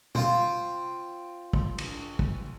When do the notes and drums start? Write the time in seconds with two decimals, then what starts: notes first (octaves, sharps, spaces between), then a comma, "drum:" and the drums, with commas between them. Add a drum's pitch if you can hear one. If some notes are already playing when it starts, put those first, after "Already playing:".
0.15 C4 F4, drum: tom B2
1.53 drum: kick
1.78 drum: cymbal
2.19 drum: kick